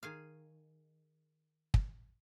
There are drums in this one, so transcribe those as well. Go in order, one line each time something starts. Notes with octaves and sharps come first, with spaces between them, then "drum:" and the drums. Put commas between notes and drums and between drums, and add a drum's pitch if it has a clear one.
D#3 G#4 F5
drum: kick